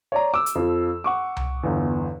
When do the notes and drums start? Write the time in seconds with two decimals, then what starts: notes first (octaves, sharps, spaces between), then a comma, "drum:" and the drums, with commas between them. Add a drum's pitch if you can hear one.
0.12 C#5 D5 A#5
0.34 D6 E6
0.46 drum: hi-hat
0.55 F2 F3
1.04 F#5 C#6 D6
1.37 drum: tom C2
1.63 G1 E2